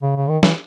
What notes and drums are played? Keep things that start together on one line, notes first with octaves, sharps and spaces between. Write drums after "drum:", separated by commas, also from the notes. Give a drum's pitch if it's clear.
C#3
C#3
D#3
E3, drum: snare